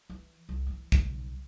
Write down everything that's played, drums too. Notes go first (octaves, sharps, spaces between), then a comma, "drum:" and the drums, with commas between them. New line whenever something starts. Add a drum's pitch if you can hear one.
E3
C2
E3 F#3
D#1 B1, drum: kick